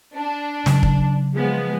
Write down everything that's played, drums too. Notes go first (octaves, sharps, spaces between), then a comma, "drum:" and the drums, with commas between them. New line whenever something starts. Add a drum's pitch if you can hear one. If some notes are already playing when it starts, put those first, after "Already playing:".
D4
C#3 F#3, drum: snare
drum: kick
F3 G#3 B3